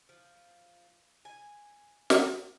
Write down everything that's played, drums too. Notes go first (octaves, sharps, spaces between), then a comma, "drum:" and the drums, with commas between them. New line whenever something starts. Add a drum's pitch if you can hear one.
F3
G#5
drum: snare